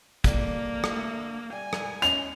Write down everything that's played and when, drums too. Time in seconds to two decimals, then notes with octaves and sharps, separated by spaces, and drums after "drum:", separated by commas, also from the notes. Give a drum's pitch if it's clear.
0.24 G3 A#3 A4 D5, drum: kick, hi-hat
0.84 drum: rim click
0.96 D3 A3
1.53 G3 G#5
1.73 drum: rim click
2.02 C#4 D#5 F7, drum: hi-hat